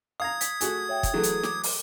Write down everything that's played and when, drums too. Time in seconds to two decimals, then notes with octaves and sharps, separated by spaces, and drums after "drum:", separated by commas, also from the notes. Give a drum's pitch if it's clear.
0.20 F5 A#5 D#6 G#6
0.41 B6, drum: hi-hat
0.61 A3 F#4 G#4, drum: hi-hat
0.89 C#5 E5 G5
1.03 drum: kick, hi-hat
1.13 E3 F#3 A3 G#4 A4
1.23 drum: hi-hat
1.43 D6, drum: snare
1.63 drum: open hi-hat